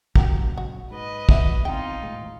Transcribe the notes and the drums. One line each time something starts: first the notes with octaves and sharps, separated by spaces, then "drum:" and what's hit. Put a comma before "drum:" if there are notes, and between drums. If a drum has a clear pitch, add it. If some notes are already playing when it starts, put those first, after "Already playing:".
A#2 C#3 F#3 F#4 G4 A#4, drum: kick
F#4
G#2 B4 D#5
F1 D4 F#4 E5, drum: kick
B2 E3 C4 D#4 F4 G5
D#1 A2 G#3